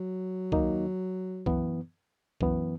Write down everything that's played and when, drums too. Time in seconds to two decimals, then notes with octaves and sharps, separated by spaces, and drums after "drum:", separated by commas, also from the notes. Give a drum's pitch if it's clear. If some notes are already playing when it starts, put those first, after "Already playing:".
Already playing: F#3
0.52 D#2 D#3 A#3 D#4, drum: kick C2
1.46 F#2 E3 B3, drum: kick C2
2.41 F#2 E3 B3, drum: kick C2